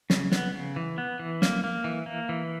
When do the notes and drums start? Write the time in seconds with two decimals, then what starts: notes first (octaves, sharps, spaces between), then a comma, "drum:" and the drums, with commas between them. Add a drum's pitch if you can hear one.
0.10 C#3, drum: snare
0.32 B3, drum: snare
0.54 C#3
0.76 E3
0.98 B3
1.19 E3
1.42 A#3, drum: snare
1.64 A#3
1.84 E3
2.06 A#3
2.29 E3